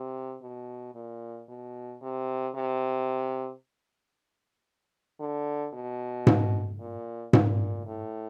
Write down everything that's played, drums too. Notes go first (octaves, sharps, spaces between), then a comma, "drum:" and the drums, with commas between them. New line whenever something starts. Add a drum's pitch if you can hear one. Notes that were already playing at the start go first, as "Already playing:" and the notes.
Already playing: C3
B2
A#2
B2
C3
C3
D3
B2
drum: tom G#2
A#2
A#2, drum: tom G#2
A2